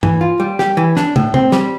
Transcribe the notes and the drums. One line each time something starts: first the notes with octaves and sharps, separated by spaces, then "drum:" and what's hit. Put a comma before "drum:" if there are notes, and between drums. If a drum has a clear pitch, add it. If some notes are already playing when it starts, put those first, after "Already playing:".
E3, drum: tom
F4
G3
G4, drum: snare
E3
D4, drum: snare
A2, drum: tom
C4, drum: tom
G3, drum: snare